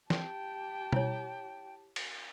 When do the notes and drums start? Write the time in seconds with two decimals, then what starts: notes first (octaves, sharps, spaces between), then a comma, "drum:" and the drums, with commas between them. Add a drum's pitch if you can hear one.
0.10 G4 G5 A5, drum: snare
0.92 E4 C#5, drum: tom B2
1.96 drum: cymbal